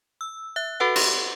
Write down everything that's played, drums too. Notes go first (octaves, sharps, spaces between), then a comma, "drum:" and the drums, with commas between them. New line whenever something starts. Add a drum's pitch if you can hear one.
E6
E5 F#6
F#4 A4 B4 F#5
G4, drum: cymbal